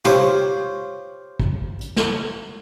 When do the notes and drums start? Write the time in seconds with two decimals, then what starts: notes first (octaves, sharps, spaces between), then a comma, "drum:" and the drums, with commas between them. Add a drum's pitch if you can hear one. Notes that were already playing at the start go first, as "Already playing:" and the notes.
0.05 F4 G4 C5 C#5, drum: tom
1.40 drum: kick
1.81 drum: hi-hat
1.96 drum: snare